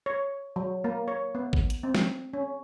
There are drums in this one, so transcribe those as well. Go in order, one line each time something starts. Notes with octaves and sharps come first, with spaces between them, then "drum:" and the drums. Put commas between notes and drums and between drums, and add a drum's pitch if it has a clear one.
C#5
F#3
A#3
C#5
B3
drum: kick
drum: hi-hat
C4
drum: snare
C#4